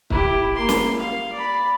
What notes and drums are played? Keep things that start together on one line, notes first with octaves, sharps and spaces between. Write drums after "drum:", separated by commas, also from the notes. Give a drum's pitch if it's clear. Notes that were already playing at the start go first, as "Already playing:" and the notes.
E4 G4, drum: kick
A#3 C6
drum: snare
F5
D5 B5